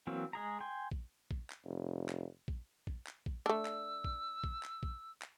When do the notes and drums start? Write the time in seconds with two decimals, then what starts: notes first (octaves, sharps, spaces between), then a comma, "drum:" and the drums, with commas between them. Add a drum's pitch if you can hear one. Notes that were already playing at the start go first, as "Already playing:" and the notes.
0.07 E3 F#3 A#3 C4
0.33 G#3 G#4 A#5
0.60 G5 G#5 C6
0.91 drum: kick A#1
1.31 drum: kick A#1
1.50 drum: clap
1.65 F1
2.09 drum: clap
2.48 drum: kick A#1
2.87 drum: kick A#1
3.07 drum: clap
3.26 drum: kick A#1
3.46 A3 D4 E6
3.65 drum: clap
4.04 drum: kick A#1
4.44 drum: kick A#1
4.63 drum: clap
4.83 drum: kick A#1
5.22 drum: clap